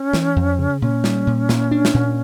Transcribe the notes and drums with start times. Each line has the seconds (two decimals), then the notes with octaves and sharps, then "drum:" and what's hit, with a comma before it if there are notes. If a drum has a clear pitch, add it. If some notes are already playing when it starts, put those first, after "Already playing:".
Already playing: C#4
0.13 E3, drum: snare
0.36 F2
0.59 C#3
0.81 A#2 C#4
1.04 G3, drum: snare
1.27 A#2
1.49 A#2, drum: snare
1.71 D4
1.85 drum: snare
1.94 A#2